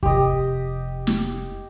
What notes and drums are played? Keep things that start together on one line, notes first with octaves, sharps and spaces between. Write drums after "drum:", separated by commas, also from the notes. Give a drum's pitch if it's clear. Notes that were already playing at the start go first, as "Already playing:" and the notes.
F1 G4 D#5, drum: kick
drum: snare